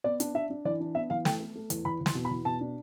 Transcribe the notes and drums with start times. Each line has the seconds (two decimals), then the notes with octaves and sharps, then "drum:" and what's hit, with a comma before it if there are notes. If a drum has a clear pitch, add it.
0.04 B3 D5
0.20 D4, drum: hi-hat
0.35 D4 E5
0.50 D4
0.65 E3 D5
0.80 D4
0.95 B3 E5
1.10 E3 F5
1.25 A3 G5, drum: snare
1.40 A3
1.55 A3
1.70 E2, drum: hi-hat
1.85 E2 B5
2.01 E2
2.06 C6, drum: snare
2.15 B2
2.25 B5
2.31 E2
2.45 B2 A5
2.61 D4